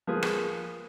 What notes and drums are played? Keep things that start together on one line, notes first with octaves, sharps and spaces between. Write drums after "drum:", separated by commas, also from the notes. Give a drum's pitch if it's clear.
F3 A#3 G#4 B4
drum: rim click